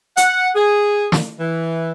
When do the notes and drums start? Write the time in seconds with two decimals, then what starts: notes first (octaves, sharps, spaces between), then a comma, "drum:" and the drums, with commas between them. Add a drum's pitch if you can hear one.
0.17 F#5, drum: hi-hat
0.55 G#4
1.12 drum: snare
1.40 E3